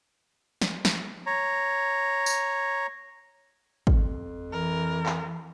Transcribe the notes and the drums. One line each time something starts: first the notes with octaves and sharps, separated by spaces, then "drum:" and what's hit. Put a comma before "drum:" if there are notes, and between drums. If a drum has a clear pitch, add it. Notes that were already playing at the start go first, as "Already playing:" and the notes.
drum: snare
drum: snare
C#5 A#5
drum: tambourine
F2, drum: kick
E3 A#4
drum: clap